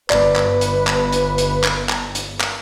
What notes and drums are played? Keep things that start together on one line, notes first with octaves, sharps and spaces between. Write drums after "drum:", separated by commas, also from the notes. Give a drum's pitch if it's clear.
G1 B4 D5, drum: clap
drum: clap
drum: hi-hat
drum: clap
drum: hi-hat
drum: hi-hat
drum: clap
drum: clap
drum: hi-hat
drum: clap